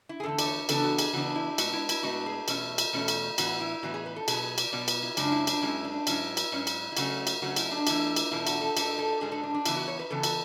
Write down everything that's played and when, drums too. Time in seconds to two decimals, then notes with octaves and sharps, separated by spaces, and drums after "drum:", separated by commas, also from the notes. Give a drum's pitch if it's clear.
0.09 E4
0.20 G#4
0.23 E2 D3 A3 A4
0.39 D5, drum: cymbal
0.46 C#5
0.69 C#3 E3 B3 D4 A4, drum: cymbal
0.84 F#4
0.99 G#4, drum: cymbal
1.13 C#3 E3 B3 D4 F#4
1.36 E4
1.58 A2 G#3 B3 D4 F#4, drum: cymbal
1.73 E4
1.89 E4, drum: cymbal
2.03 A2 G#3 B3 D4 F#4
2.26 G#4
2.48 E2 B2 A3 C#4, drum: cymbal
2.78 drum: cymbal
2.93 E2 B2 A3 C#4
3.08 drum: cymbal
3.38 A2 E3 B3 F#4, drum: cymbal
3.60 E4
3.83 A2 E3 B3 F#4
3.94 G#4
4.06 B4
4.16 A4
4.28 B2 F#3 B3 G#4, drum: cymbal
4.43 G#4
4.58 D5, drum: cymbal
4.72 B2 F#3 B3 D5
4.88 B4, drum: cymbal
5.03 E4
5.17 F#2 C#3 G#3 C#4 D4, drum: cymbal
5.32 E4
5.47 D4, drum: cymbal
5.62 F#2 C#3 G#3 C#4 E4
5.85 D4
6.07 G#2 F#3 C#4 E4, drum: cymbal
6.37 drum: cymbal
6.52 G#2 F#3 C#4
6.67 drum: cymbal
6.92 E4
6.97 C#3 F#3 A3 C#4 F#4, drum: cymbal
7.27 drum: cymbal
7.42 C#3 F#3 A3 C#4 F#4
7.56 E4, drum: cymbal
7.71 D4
7.87 E2 B2 A3 D4 E4, drum: cymbal
8.16 drum: cymbal
8.31 E2 B2 A3 D4 E4
8.47 F#4, drum: cymbal
8.61 A4
8.77 G#2 G#3 D4 A4, drum: cymbal
8.99 A4
9.21 G#2 G#3 D4 G#4
9.32 A4
9.43 D4
9.54 D4
9.66 C#3 E3 B3 E4, drum: cymbal
9.77 F#4
9.88 C#5
9.99 B4
10.10 C#3 E3 B3 A4
10.23 F#4, drum: cymbal